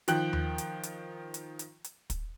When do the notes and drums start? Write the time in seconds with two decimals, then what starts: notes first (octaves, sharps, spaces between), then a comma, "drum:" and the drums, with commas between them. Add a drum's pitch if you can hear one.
0.08 D#3 F3 G5 F#6, drum: hi-hat
0.33 drum: tom D#2
0.58 drum: hi-hat
0.83 drum: hi-hat
1.34 drum: hi-hat
1.59 drum: hi-hat
1.84 drum: hi-hat
2.10 drum: kick, hi-hat